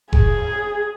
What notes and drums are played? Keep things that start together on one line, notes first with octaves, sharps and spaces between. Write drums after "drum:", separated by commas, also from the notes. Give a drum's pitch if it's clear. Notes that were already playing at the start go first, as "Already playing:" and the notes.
G#4, drum: kick F1